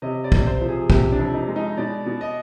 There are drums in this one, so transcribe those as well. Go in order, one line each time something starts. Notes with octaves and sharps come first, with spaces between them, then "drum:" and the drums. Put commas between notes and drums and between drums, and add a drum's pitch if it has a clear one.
C3 D#5
D5
C3, drum: kick
C5
F3
G#4
C3 G4, drum: kick
D4
F2
D#4
G#3
D#4
B2 D5
B2
D#5